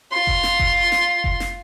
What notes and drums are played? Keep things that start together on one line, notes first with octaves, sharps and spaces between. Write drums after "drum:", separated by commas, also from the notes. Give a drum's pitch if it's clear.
F4 C6
drum: kick F1
drum: snare
drum: kick F1
drum: snare
drum: kick F1
drum: snare